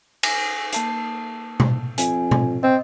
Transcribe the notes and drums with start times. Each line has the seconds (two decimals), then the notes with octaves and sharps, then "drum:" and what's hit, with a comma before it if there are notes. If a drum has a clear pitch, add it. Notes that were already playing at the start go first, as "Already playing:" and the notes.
0.23 G#5 A#6, drum: cymbal
0.73 A#3 A5 C7, drum: hi-hat
1.60 drum: tom B2
1.98 F2 G#5, drum: hi-hat
2.31 drum: tom B2
2.63 C4 D#5